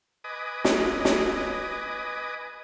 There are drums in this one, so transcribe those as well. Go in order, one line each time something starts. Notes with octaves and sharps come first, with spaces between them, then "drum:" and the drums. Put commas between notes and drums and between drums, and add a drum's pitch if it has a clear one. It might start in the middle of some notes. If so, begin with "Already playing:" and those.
B4 D#5 G#5 D6 D#6
drum: snare
drum: snare